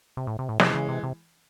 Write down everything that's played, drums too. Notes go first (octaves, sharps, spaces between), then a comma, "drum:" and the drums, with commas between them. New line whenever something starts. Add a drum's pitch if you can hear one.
C3
A2
C3
A2
C3 E3 G#3, drum: snare
C#3
C3
C3